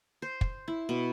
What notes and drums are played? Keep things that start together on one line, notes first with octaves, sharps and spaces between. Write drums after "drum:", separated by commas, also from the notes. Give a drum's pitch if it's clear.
C5
drum: kick
E4
B2